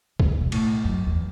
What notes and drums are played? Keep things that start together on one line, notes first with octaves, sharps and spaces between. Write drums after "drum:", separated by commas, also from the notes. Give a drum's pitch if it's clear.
B2, drum: kick C2
B2
A2, drum: cymbal
F#2
E2